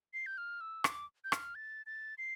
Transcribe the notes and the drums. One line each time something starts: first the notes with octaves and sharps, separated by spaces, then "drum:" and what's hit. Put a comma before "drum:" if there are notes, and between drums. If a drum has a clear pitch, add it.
C7
G6
F6
E6
D6, drum: rim click
G6
F6, drum: rim click
A6
A6
C7